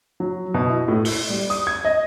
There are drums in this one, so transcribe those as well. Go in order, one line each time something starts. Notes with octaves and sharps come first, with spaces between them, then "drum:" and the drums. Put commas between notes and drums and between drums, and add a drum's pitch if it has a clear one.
F#3
B2
E4
A2
G7, drum: open hi-hat
G3
D#6, drum: hi-hat
G#6
D#5